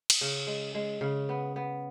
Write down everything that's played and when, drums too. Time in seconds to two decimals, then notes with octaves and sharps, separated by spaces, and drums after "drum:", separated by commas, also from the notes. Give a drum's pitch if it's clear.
0.10 drum: cymbal
0.21 C#3
0.47 G#3
0.75 G#3
1.01 C#3
1.29 B3
1.56 B3